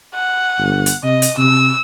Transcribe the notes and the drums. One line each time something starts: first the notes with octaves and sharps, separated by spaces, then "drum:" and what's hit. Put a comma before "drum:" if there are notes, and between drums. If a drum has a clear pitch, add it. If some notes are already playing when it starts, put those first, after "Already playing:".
F#5
G1
drum: hi-hat
C3 D#5
drum: hi-hat
C3 E6